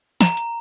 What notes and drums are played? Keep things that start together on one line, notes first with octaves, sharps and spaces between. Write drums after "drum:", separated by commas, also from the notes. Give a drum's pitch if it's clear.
A#5, drum: snare
drum: hi-hat